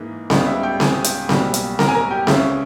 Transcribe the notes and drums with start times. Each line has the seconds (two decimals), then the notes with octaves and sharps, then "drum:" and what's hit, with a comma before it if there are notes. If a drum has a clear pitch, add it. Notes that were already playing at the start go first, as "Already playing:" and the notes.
Already playing: G#2 E3 A#3 D#4
0.30 C#2 C#3 G3 B3 D#4 D#5, drum: snare C4
0.47 E5
0.63 G4 G5
0.80 G#4 G#5, drum: snare C4
1.04 drum: hi-hat
1.29 B1 B2 G3 A#3, drum: snare C4
1.54 drum: hi-hat
1.79 A#4 A#5, drum: snare C4
1.88 G#5
1.95 A#4 A#5
2.10 G4 G5
2.27 C#2 C#3 G#3 C#4 E5, drum: snare C4